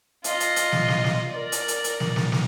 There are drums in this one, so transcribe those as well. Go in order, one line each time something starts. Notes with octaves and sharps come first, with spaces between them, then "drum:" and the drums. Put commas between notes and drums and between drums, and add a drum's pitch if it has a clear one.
F4 D#5, drum: hi-hat
drum: hi-hat
drum: hi-hat
drum: snare
drum: snare
drum: snare
A#4 D5
drum: hi-hat
drum: hi-hat
drum: hi-hat
drum: snare
drum: snare
drum: snare